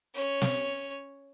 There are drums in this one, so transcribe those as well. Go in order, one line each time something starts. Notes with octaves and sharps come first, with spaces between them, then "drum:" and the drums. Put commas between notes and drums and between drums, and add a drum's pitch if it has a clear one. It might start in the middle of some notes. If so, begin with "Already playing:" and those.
C#4 C#5
drum: snare